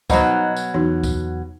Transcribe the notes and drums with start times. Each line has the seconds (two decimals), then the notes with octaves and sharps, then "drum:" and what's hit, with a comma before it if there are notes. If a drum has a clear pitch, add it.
0.10 B2 F#3 G3 B3 D#4 C5 A5, drum: kick C#2, tambourine
0.57 drum: tambourine
0.74 E2 D#4 F#4 C#5
1.04 drum: kick C#2, tambourine